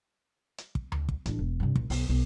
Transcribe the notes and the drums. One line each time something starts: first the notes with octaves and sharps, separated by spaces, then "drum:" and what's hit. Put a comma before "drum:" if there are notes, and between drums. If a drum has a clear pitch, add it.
drum: hi-hat
drum: kick
drum: tom D2
drum: kick
A1 D4, drum: hi-hat
E1
G2 C3
A#1, drum: kick
B1, drum: open hi-hat
B1